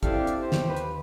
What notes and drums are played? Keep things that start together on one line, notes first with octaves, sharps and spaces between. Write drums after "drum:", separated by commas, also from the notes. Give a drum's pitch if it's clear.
C4 D4 E4 G4 A4 F5, drum: kick, hi-hat
drum: hi-hat
G4 C5
drum: snare
D#2 B4
drum: hi-hat